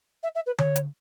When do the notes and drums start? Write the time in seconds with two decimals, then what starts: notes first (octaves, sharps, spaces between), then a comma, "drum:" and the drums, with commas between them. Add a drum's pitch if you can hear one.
0.23 E5
0.35 E5
0.46 B4
0.58 C#5, drum: tom D3
0.76 drum: hi-hat